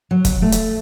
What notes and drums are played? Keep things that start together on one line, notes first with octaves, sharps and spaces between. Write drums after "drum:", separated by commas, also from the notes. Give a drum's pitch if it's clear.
F#3
drum: kick, hi-hat
A3
drum: hi-hat